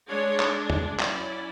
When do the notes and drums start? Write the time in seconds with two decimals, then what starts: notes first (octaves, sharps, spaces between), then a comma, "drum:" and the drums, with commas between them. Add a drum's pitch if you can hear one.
0.09 G#3 D4 C#5
0.40 drum: clap
0.70 drum: tom
1.00 F#3 C#4 E4 D5, drum: clap